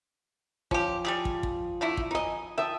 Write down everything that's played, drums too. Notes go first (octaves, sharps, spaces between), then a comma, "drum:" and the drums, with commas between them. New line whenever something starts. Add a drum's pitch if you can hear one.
F3 C#4 G4, drum: kick
G3 G4 G#4
drum: kick
drum: kick
D3 A3 E4
drum: kick
D#4 D#5 G#5 B5
E5 G5 A5 D#6